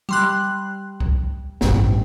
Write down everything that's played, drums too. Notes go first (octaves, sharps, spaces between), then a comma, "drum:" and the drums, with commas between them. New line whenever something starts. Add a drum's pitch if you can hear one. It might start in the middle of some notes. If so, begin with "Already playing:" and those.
G3 C6 F#6
drum: kick C2
A1 G2, drum: snare